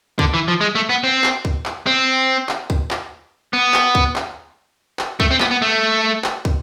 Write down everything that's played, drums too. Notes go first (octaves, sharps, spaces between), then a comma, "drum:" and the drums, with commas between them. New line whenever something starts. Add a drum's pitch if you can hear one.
D3, drum: kick
E3
F3
G#3
A3
B3
C4
drum: clap
drum: kick
drum: clap
C4
drum: clap
drum: kick
drum: clap
B3
drum: clap
drum: kick
drum: clap
drum: clap
A3, drum: kick
C4
B3, drum: clap
B3
A3
drum: clap
drum: kick